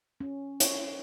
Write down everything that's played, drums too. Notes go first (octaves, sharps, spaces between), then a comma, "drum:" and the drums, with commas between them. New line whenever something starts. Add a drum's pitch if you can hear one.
C#4
C#5, drum: hi-hat